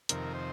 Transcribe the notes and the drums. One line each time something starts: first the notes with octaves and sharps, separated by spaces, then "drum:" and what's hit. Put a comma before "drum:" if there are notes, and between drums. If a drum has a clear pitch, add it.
F2 C3 D#3 A#4, drum: hi-hat
C5